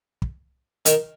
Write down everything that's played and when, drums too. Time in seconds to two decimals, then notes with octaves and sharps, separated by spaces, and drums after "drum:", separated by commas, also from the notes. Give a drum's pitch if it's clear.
0.22 drum: kick
0.85 D#3, drum: hi-hat